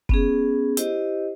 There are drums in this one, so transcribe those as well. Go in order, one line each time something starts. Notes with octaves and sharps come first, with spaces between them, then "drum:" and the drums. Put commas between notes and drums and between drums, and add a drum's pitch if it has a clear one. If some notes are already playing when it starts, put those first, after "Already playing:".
B3 C#4 G#4, drum: kick F#1
E4 G4 C5 D#5, drum: hi-hat